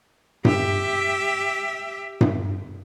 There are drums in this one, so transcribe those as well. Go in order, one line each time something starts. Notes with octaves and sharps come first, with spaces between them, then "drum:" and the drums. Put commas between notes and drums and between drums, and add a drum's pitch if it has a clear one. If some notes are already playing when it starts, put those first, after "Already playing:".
G4 E5, drum: tom G2
drum: tom G2